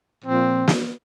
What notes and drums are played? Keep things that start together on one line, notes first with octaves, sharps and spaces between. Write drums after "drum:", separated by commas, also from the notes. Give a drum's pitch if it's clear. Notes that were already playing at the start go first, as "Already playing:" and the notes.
A#2 F3 C4
drum: snare